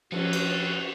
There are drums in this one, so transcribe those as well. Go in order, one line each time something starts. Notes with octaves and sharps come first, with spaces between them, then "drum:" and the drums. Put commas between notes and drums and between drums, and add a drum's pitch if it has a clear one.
F3 B3 C#4 F#4 A4, drum: cymbal
drum: cymbal